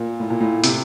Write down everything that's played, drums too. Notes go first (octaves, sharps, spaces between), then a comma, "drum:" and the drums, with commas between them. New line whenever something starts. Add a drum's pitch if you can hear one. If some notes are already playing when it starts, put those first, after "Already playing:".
Already playing: A#2
A2
A#2
A2
C3, drum: hi-hat